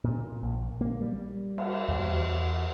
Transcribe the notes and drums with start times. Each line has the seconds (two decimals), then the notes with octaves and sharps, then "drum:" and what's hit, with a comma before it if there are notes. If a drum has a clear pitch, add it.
0.04 A#2
0.43 A#1
0.81 A#3
1.02 G3
1.58 drum: cymbal
1.89 D#2
2.00 E2